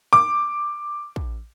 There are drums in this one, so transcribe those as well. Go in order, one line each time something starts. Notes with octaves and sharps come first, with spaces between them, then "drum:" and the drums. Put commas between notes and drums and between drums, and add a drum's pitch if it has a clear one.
D6
drum: kick